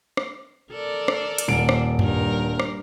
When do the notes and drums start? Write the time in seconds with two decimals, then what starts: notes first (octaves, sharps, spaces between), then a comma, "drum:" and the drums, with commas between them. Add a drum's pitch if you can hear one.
0.17 drum: rim click
0.72 A4 A#4 D5
1.08 drum: rim click
1.38 drum: hi-hat
1.48 D#1 D7
1.69 drum: rim click
1.99 G2 A#4, drum: tom F#2
2.60 drum: rim click